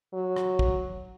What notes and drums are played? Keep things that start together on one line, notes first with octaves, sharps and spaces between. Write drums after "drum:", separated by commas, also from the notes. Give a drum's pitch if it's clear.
F#3
drum: rim click
drum: kick